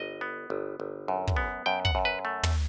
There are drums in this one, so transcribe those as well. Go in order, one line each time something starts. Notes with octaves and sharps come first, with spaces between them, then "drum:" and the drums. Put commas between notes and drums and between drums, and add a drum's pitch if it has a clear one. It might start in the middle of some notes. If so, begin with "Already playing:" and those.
Already playing: G1 D#5
B3
G1
G1
F#2
drum: kick
B3
F#2 G5
F#5, drum: kick
F#2
B4
A3
drum: tom